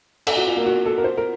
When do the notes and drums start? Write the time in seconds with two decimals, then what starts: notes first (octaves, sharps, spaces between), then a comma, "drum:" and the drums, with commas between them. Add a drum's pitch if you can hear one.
0.27 A4, drum: cymbal
0.37 F#4
0.47 F4
0.56 A#3
0.66 F#4
0.86 A4
0.98 A#4
1.04 C5
1.17 A#4